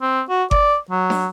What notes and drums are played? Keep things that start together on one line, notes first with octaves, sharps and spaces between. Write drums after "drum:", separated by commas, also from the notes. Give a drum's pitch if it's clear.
C4
F#4
D5, drum: kick G1
F#3
drum: snare